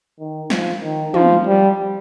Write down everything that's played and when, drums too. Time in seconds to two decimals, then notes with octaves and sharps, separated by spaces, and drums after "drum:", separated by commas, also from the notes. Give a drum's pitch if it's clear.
0.19 D#3
0.50 F3, drum: snare
0.82 D#3
1.14 F3, drum: tom
1.46 G3